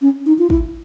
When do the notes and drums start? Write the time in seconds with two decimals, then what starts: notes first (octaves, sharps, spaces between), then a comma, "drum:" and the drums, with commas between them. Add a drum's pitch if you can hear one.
0.02 C#4
0.26 D#4
0.39 F4
0.50 E4, drum: kick